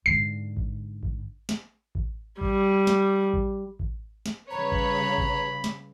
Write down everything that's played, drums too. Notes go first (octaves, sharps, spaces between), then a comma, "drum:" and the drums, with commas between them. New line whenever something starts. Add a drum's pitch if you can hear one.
G#2 D3 C7
drum: kick A1
drum: kick A1
drum: snare
drum: kick A1
G3, drum: kick A1
drum: snare
drum: kick A1
drum: kick A1
drum: snare
C#3 G3 B4 C#5 A#5 B5
drum: kick A1
drum: kick A1
drum: snare